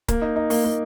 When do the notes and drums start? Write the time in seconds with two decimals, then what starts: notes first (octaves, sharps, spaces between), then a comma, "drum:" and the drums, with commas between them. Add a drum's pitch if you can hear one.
0.08 A#3, drum: kick C#1, hi-hat
0.22 D#4
0.36 D#4
0.50 A#3, drum: open hi-hat
0.64 A#3